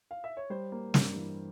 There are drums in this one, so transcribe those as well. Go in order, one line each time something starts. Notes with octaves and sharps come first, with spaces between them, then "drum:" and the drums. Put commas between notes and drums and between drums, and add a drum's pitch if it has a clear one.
F5
E5
C#5
G3 C5
A#3
G2, drum: snare
E3